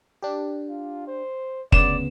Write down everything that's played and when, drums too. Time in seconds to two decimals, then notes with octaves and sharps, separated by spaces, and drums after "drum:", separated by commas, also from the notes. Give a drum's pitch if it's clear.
0.22 D4 G4
0.69 F4
1.07 C5
1.72 D2 C#3 B3 D5 E7, drum: kick F1